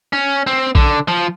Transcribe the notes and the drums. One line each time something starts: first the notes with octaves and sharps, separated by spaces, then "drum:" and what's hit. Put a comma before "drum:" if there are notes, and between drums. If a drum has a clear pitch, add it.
C#4
C4
D3, drum: kick
F3